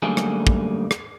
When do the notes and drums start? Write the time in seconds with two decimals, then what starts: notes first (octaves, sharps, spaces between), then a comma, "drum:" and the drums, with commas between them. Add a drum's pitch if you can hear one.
0.02 F#2 D3 G3 A3 A#3 G#4
0.17 drum: rim click
0.47 drum: kick
0.91 drum: rim click